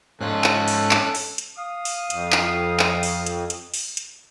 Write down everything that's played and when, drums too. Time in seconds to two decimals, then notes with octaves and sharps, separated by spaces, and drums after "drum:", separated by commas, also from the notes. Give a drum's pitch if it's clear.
0.21 G#2 C#4 F4 A4 F#6
0.44 drum: clap
0.68 drum: open hi-hat
0.91 drum: clap
1.15 drum: open hi-hat
1.38 drum: hi-hat
1.57 F5 D#6
1.85 drum: open hi-hat
2.10 F2, drum: hi-hat
2.32 drum: clap
2.79 drum: clap
3.03 drum: open hi-hat
3.26 drum: hi-hat
3.50 drum: hi-hat
3.74 drum: open hi-hat
3.97 drum: hi-hat